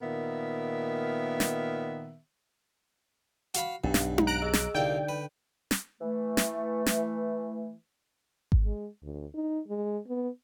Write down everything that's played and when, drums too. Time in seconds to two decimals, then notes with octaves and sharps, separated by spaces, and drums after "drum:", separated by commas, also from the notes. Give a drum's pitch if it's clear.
0.02 A#2 D#3 B3 A#4 E5
1.40 drum: snare
3.54 F#4 F5 B5, drum: hi-hat
3.84 B1 G2 D4 D#4 F#5
3.94 drum: snare
4.18 drum: tom D#4
4.27 A#5 F#6 D7
4.42 G#4 D#5 E6
4.53 drum: snare
4.75 C2 D3 A#3 D#4 D5 G5
5.09 B4
5.71 drum: snare
6.01 E3 A3
6.37 drum: snare
6.86 drum: snare
8.52 drum: kick G#1
8.65 G#3
9.03 D2
9.34 D#4
9.68 G#3
10.08 B3